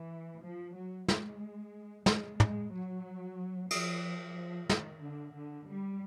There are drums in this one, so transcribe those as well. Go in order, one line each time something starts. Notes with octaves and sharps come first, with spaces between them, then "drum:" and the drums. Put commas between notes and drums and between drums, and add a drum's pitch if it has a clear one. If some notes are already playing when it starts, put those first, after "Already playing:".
Already playing: E3
F3
F#3
G#3, drum: snare
G#3, drum: snare
G#3, drum: tom
F#3
F3, drum: cymbal
F3
D#3, drum: snare
D3
D3
G3